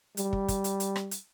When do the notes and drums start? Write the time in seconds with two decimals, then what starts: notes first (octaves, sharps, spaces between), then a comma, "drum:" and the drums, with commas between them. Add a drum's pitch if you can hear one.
0.17 G3, drum: hi-hat
0.33 drum: kick
0.48 drum: kick, hi-hat
0.64 drum: hi-hat
0.80 drum: hi-hat
0.96 drum: rim click
1.11 drum: hi-hat